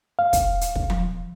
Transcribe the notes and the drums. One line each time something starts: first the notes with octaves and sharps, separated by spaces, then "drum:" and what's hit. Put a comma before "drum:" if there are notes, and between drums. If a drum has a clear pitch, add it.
F5
drum: kick, hi-hat
drum: hi-hat
drum: kick
drum: tom F3